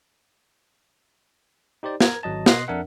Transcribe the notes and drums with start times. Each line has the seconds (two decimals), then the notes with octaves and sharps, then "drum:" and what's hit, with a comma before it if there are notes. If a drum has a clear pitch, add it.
1.83 D#4 G4 C5 D5
2.00 A#4 A#5 G#6, drum: snare
2.23 G#1 F#3 D#5 A5
2.46 B2 D#5 C6 F#6 C7, drum: snare
2.68 F2 D4 A#4 E5 F#5